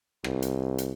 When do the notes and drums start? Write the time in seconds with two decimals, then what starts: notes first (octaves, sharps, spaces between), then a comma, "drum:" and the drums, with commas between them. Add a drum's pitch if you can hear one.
0.24 C2, drum: rim click
0.42 drum: hi-hat
0.78 drum: hi-hat